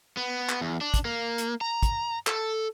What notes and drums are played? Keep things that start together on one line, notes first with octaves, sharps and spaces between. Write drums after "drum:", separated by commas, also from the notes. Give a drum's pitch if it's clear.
B3
drum: clap
E2
D4
drum: kick, hi-hat
A#3
drum: hi-hat
A#5
drum: kick, hi-hat
A4, drum: clap